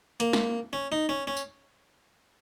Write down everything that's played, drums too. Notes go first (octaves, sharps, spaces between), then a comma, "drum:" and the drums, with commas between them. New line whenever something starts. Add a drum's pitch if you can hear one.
A#3, drum: hi-hat
drum: snare
C#4
D#4
C#4
C#4
drum: tambourine